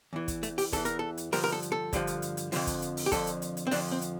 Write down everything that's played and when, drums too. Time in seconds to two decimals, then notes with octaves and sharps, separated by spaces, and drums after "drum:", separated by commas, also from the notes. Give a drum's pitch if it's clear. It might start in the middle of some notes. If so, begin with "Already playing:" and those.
0.13 E2 E3
0.28 drum: kick, hi-hat
0.43 A3, drum: hi-hat
0.58 G4, drum: open hi-hat
0.73 E2 E3 A4, drum: kick, hi-hat
0.85 A#4, drum: hi-hat
0.99 A4
1.17 drum: hi-hat
1.32 G2 D3 F3 A#4, drum: open hi-hat
1.44 A#4
1.52 A4
1.62 drum: hi-hat
1.72 A4
1.93 G2 D3 F3, drum: kick, hi-hat
2.07 drum: hi-hat
2.22 drum: hi-hat
2.37 drum: hi-hat
2.52 F2 D3 F3, drum: open hi-hat
2.67 drum: kick, hi-hat
2.82 drum: hi-hat
2.97 drum: open hi-hat
3.06 G4
3.12 F2 D3 F3 A4, drum: kick, hi-hat
3.27 drum: hi-hat
3.42 drum: hi-hat
3.57 drum: hi-hat
3.67 C4
3.71 F2 D3 F3 D4, drum: open hi-hat
3.91 C4
4.02 drum: hi-hat